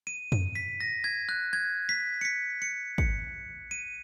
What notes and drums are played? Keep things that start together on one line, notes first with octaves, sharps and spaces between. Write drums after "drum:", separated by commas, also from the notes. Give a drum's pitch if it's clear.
D#7
D#7, drum: tom F2
B6
A#6
G#6
F#6
G#6
B6
C#7
B6
C#7
C#7, drum: kick
D#7